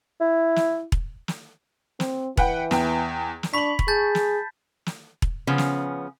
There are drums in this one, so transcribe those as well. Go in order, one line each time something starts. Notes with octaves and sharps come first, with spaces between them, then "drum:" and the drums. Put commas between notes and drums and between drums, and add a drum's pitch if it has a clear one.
E4
drum: snare
drum: kick E1
drum: snare
C4, drum: snare
E3 B4 F#5 G5, drum: kick E1
E2 G5, drum: snare
drum: snare
D4 B5 C#6 B6 F#7
drum: kick E1
G#4 A5 G6 A6
drum: snare
drum: snare
drum: kick E1
C#3 F3 B3 C#4
drum: snare